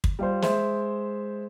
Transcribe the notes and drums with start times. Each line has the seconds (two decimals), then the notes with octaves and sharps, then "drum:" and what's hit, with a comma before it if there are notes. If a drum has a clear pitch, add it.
0.04 drum: kick
0.19 G3 F4 C5
0.42 G#3 C5 E5, drum: snare